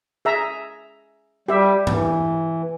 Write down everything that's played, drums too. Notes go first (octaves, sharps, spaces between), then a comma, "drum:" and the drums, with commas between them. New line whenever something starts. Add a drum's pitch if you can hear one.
G#4 E5 A#5
G3 G4 E5
E3, drum: tom G2